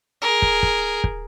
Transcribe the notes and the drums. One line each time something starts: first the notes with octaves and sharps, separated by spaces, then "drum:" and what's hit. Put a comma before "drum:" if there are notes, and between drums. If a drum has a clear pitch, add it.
G#4 A#4
drum: kick
drum: kick
drum: kick